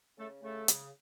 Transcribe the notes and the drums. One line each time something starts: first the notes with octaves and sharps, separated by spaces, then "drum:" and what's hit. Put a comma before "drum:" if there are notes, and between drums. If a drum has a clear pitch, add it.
C#3 A3 A4
C#3 A3 A4
C#3, drum: hi-hat